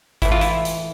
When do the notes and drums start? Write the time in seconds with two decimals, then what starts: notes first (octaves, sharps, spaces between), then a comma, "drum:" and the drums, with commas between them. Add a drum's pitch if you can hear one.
0.22 A2 E3 E4, drum: kick G#1, hi-hat
0.32 F4
0.41 E4, drum: hi-hat
0.65 drum: hi-hat